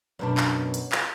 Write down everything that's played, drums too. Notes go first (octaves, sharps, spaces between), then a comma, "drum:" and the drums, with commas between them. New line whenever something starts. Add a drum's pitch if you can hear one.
F#2 B2 D4
drum: clap
drum: hi-hat
drum: clap